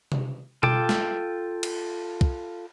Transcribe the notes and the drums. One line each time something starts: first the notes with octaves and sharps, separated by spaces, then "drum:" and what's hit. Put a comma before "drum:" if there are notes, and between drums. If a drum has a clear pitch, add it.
drum: tom C3
F4 A4 G5 D6, drum: tom B2
drum: snare
drum: cymbal
drum: kick